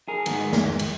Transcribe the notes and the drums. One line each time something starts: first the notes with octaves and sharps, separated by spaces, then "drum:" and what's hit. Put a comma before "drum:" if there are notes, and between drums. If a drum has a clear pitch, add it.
G#4 A#4
G#2 D#3 G#3 B3, drum: cymbal
drum: snare
drum: cymbal